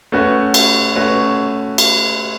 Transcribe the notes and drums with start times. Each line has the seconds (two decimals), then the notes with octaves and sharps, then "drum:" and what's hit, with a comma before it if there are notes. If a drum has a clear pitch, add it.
0.12 A3 C#4 F#4 B4
0.54 drum: cymbal
0.96 A3 C#4 F#4 B4
1.78 drum: cymbal